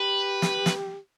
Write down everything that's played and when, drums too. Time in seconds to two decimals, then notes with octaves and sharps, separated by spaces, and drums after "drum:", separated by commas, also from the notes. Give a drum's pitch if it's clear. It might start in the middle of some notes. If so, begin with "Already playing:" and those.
Already playing: G4 B4
0.42 drum: snare
0.66 drum: snare